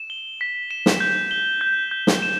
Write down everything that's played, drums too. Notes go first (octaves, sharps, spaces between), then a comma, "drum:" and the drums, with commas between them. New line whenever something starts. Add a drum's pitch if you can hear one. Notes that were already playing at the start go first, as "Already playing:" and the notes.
Already playing: E7
G7
B6
E7
drum: snare
G6
G7
G6
G6
drum: snare
E7